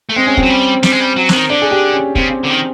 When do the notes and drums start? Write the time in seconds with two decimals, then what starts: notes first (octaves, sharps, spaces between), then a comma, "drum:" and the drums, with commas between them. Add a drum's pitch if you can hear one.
0.09 A3
0.16 G#3 C4
0.27 C#4
0.37 C4, drum: kick
0.43 F#3
0.50 G3
0.83 G3, drum: snare
0.92 G#3
1.00 G3
1.16 F#3
1.29 D3, drum: snare
1.33 D#3
1.49 D3 D4
1.62 G#4
1.71 G4
1.94 C#4
2.15 C#3 C4, drum: kick
2.44 D3
2.50 D#3